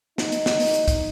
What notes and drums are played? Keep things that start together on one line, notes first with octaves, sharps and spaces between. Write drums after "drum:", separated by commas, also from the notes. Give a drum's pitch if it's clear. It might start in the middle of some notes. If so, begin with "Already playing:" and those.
D#4, drum: snare
drum: hi-hat
drum: snare
drum: open hi-hat
drum: hi-hat
drum: kick C#2, hi-hat